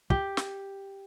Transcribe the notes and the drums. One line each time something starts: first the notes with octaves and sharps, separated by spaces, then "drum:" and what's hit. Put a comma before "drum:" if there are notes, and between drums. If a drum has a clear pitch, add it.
G4, drum: kick
drum: snare